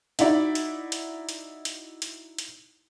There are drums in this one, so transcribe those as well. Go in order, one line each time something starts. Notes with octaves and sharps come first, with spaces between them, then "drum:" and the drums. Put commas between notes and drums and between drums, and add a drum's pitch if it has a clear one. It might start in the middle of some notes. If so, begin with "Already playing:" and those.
D#4 E4 F#4 D5, drum: hi-hat
drum: hi-hat
drum: hi-hat
drum: hi-hat
drum: hi-hat
drum: hi-hat
drum: hi-hat